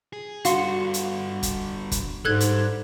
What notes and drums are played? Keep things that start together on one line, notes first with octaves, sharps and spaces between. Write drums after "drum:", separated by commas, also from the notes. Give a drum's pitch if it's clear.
G#4
G2 D3 F#4 F5 C6, drum: hi-hat
drum: hi-hat
drum: kick, hi-hat
drum: kick, hi-hat
G#2 G3 D4 A4 F#6 G#6
drum: hi-hat